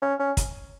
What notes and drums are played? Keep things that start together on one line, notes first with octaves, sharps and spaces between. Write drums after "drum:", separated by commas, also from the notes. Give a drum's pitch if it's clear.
C#4
C#4
drum: kick, hi-hat